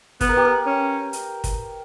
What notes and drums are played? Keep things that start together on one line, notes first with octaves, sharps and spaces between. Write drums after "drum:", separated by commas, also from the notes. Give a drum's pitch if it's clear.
B3 B4, drum: kick, hi-hat
A#4
G4
A#4
C#4
drum: hi-hat
drum: kick, hi-hat